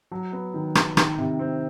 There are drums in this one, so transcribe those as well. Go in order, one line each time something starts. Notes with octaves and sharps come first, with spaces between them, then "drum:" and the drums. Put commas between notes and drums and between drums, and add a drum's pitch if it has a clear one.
F#3
B3
D#3
D#3, drum: rim click
D#3, drum: rim click
C3
C4